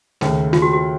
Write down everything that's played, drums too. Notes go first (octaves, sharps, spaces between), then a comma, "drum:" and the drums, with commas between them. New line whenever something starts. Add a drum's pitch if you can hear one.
D#2 C#3 A3, drum: snare G#3
F4, drum: snare G#3
F#4
F#4